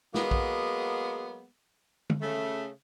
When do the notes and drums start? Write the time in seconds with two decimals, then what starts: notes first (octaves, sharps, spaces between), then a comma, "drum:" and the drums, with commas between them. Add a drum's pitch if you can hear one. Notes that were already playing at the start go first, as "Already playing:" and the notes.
0.14 F#3 G#3 A#3 B3, drum: snare
0.31 drum: kick
2.10 drum: tom
2.21 C#3 A3